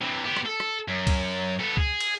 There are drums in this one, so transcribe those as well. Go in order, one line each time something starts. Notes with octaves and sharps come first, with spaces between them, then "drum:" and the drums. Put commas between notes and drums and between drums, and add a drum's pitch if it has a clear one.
C3 E3
B3 G4
drum: rim click
A4
drum: rim click
F#2
drum: kick C#2, cymbal
B3 A4
G#4, drum: kick C#2
drum: cymbal